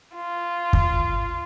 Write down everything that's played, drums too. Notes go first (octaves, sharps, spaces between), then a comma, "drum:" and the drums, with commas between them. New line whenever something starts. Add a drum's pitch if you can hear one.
F4
drum: kick